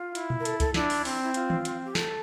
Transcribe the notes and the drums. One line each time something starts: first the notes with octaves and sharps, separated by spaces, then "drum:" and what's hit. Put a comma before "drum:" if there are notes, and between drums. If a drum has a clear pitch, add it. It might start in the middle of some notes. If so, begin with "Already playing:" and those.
Already playing: F4
E4, drum: hi-hat
drum: tom A#2
A#4
A4, drum: hi-hat
A4, drum: kick C#2, hi-hat
D4 E4, drum: snare
drum: open hi-hat
C4, drum: open hi-hat
E4
F4, drum: hi-hat
drum: tom D#3
C4, drum: hi-hat
G4
A4, drum: snare